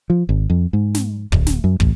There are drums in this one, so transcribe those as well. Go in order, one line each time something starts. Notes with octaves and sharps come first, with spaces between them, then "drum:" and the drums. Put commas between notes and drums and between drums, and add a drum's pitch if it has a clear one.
F3
G#1
F2
G#2
drum: snare
D1, drum: kick
drum: snare
F#2
A1, drum: kick